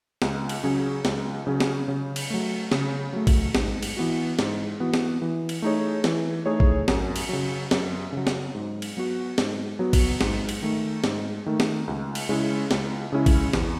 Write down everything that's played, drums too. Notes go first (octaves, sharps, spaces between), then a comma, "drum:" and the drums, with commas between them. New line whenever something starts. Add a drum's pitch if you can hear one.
C#2, drum: snare
drum: cymbal
C#3 F#3 C#4 G#4
C#2, drum: snare
C#3 F#3 C#4 G#4
drum: snare
C#3
drum: cymbal
F#3 A3
C#3, drum: snare
F#3 A3
drum: kick A1, cymbal
G#2, drum: snare
drum: cymbal
E3 B3 F#4
G#2, drum: snare
E3 B3 F#4
drum: snare
E3
drum: cymbal
A3 D#4 G#4 C#5
E3, drum: snare
A3 D#4 G#4 C#5
drum: kick A1
F#2, drum: snare
drum: cymbal
C#3 F#3
F#2, drum: snare
C#3 F#3
drum: snare
G#2
drum: cymbal
F#3 B3 F#4
G#2, drum: snare
F#3 B3 F#4
drum: kick A1, cymbal
G#2, drum: snare
drum: cymbal
D#3 A3
G#2, drum: snare
D#3 A3
drum: snare
C#2
drum: cymbal
C#3 G#3 C#4 E4
C#2, drum: snare
C#3 G#3 C#4 E4
drum: kick A1, cymbal
E2, drum: snare